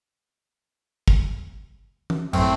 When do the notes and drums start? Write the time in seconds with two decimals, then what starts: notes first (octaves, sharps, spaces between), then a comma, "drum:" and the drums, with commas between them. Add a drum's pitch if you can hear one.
1.08 drum: kick
2.10 drum: tom
2.33 A1 F#2 A3 C4, drum: cymbal